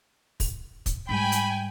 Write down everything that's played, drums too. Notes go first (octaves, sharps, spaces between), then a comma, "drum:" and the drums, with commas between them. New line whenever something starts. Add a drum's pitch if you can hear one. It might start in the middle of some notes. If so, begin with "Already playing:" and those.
drum: kick, open hi-hat
drum: kick, hi-hat
G#2 G3 G5 G#5 B5
drum: hi-hat